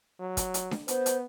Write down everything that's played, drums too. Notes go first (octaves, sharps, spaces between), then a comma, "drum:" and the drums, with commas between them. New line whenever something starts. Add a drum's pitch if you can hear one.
F#3
drum: kick, hi-hat
drum: hi-hat
drum: snare D4
B3 C5, drum: hi-hat
drum: hi-hat